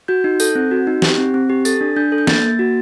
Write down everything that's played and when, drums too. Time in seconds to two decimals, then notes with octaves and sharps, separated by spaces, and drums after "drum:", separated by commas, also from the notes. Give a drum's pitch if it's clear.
0.08 F#4 G6
0.24 D#4
0.40 A4 G6, drum: tambourine
0.55 C4
0.71 F#4
0.87 D#4
1.02 G4, drum: snare
1.18 C4
1.34 C4
1.50 G4
1.65 A4 A6, drum: tambourine
1.81 D4
1.96 D4 G6
2.12 A4
2.18 G6
2.27 A#3 A6, drum: snare
2.43 A#3
2.59 F#4